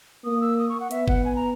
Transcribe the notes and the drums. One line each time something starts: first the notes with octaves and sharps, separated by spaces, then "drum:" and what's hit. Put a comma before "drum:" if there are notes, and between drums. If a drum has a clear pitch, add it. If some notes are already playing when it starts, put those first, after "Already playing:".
A#3 D#6
E6
D#6
C#6
F#5
B3 E5, drum: hi-hat
F#5, drum: kick F#1
G#5
A#5